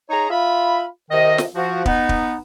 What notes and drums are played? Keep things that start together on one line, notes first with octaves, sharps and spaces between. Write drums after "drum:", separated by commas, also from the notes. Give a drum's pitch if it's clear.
D#4 G#4 C#5 A#5
F4 E5 B5
C2 C3 D#3 D#5
drum: snare
F3 F#4
B3 D#4, drum: kick
drum: kick